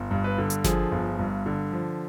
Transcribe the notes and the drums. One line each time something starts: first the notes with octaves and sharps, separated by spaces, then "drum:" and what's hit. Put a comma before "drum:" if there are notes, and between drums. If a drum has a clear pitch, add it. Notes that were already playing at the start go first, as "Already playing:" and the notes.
Already playing: G1
G2
B4
D3
drum: hi-hat
F3 G#4, drum: snare G1
G1
G2
D3
F3